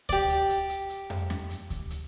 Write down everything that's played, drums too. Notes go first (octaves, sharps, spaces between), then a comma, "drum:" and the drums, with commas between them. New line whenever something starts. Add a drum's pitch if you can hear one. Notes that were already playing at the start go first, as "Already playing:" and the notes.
G4 D5, drum: kick D2, hi-hat
drum: hi-hat
drum: hi-hat
drum: hi-hat
drum: hi-hat
drum: tom F2
drum: snare
drum: hi-hat
drum: kick D2, hi-hat
drum: hi-hat